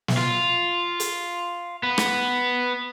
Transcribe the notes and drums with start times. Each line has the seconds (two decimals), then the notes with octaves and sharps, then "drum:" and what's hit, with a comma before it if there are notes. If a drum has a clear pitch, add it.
0.08 drum: snare
0.17 F4
1.00 drum: hi-hat
1.83 B3
1.98 drum: rim click